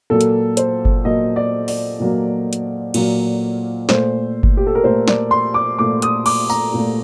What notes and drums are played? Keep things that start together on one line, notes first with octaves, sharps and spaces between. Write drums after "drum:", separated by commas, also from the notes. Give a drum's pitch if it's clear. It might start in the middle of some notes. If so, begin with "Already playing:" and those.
A#2 F#3 A#3 A4
drum: hi-hat
C5, drum: hi-hat
drum: kick G1
A#2 F#3 A#3 D#5
D5
D5, drum: open hi-hat
A#2 F#3 A#3
drum: hi-hat
A#2 F#3 A#3, drum: cymbal
A#2 A3 C5, drum: snare
drum: kick G1
G4
A4
A#4
A#2 A3 C5
D5, drum: snare
C6
D6
A#2 A3 D6
D#6, drum: hi-hat
D6, drum: cymbal
A#5, drum: tambourine
A#2 A3